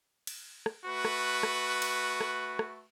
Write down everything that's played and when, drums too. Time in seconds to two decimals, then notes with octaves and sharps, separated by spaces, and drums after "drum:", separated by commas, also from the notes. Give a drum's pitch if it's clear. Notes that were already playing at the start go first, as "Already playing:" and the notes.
0.27 drum: cymbal
0.66 drum: rim click
0.85 A3 F#4 B4
1.05 drum: rim click
1.43 drum: rim click
1.82 drum: cymbal
2.21 drum: rim click
2.59 drum: rim click